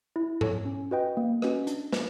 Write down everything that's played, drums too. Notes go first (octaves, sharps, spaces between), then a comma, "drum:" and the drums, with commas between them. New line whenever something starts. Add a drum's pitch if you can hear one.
E4
A4 C#5, drum: tom G#2
C#4
F#4 B4 D#5 G5
A#3
C#4 F#4 B4 D#5, drum: rim click
D4, drum: hi-hat
C5, drum: snare